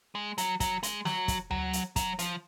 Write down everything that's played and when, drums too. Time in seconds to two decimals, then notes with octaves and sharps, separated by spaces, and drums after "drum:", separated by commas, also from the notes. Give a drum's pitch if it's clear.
0.15 G#3
0.38 F#3, drum: hi-hat
0.60 F#3, drum: kick, hi-hat
0.83 G#3, drum: hi-hat
1.05 F#3, drum: snare
1.28 drum: kick, hi-hat
1.51 F#3, drum: tom D2
1.73 drum: hi-hat
1.96 F#3, drum: kick, hi-hat
2.19 F3, drum: hi-hat